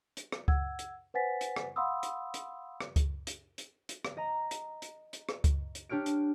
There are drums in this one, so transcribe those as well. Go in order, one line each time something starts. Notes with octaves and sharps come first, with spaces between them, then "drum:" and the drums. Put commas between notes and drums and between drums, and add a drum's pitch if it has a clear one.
drum: hi-hat
drum: rim click
F#5 E6 G#6, drum: kick C#2
drum: hi-hat
B4 C5 F#5 G#5 A6 B6
drum: hi-hat
drum: rim click
F5 F#5 B5 C6 D#6 E6
drum: hi-hat
drum: hi-hat
drum: rim click
drum: kick C#2, hi-hat
drum: hi-hat
drum: hi-hat
drum: hi-hat
drum: rim click
D#5 A#5
drum: hi-hat
drum: hi-hat
drum: hi-hat
drum: rim click
drum: kick C#2, hi-hat
drum: hi-hat
D4 G4 C#5 F6 D7
drum: hi-hat